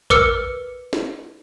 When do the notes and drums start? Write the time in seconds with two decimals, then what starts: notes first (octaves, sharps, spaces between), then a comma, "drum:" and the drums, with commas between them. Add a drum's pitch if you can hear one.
0.10 A#4 B4 D6 E6 F6 C#7, drum: kick A1
0.93 drum: snare